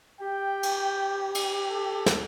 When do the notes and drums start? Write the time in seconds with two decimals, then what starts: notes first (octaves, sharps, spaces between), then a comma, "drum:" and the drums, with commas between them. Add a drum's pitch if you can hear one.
0.21 G4 G5
0.63 drum: cymbal
1.35 drum: cymbal
1.71 A4
2.06 drum: snare